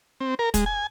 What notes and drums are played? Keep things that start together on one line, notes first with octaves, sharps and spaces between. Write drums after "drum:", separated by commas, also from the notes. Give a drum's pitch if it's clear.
C4
A#4
G#3, drum: kick, hi-hat
G#5